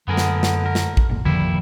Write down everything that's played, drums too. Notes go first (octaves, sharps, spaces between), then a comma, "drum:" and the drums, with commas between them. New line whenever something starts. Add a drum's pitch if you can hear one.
F#2 D3 B3 G#4 A#4
drum: snare
drum: snare
A#4
drum: snare
drum: kick
F#1 B1 A#2
F2 A#2 D3 D#3 F3 G3 E4